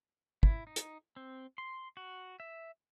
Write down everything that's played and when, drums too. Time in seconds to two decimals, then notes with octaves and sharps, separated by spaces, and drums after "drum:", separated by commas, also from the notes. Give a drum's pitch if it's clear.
0.43 E4, drum: kick
0.67 D#4
0.76 drum: hi-hat
1.16 C4
1.58 C6
1.97 F#4
2.40 E5